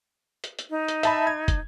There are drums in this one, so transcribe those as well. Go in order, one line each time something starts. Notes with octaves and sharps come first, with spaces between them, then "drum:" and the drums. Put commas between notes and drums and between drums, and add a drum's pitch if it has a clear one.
drum: hi-hat
drum: hi-hat
D#4
drum: hi-hat
E5 A5 B5, drum: hi-hat
G#6
drum: kick, hi-hat